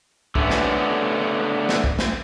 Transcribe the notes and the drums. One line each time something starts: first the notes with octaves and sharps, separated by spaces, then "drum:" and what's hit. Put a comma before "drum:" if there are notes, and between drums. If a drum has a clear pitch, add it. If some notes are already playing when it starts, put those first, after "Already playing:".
D3 A3 B3 C#4, drum: kick
drum: snare
drum: snare
drum: kick
drum: snare